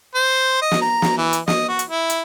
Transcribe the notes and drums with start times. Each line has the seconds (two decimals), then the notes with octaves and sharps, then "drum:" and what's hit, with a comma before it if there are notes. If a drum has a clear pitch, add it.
0.15 C5
0.62 D#5
0.71 drum: snare
0.81 A#5
1.02 drum: snare
1.17 E3
1.33 drum: hi-hat
1.48 D#5, drum: snare
1.68 F#4
1.79 drum: hi-hat
1.89 E4
2.10 drum: hi-hat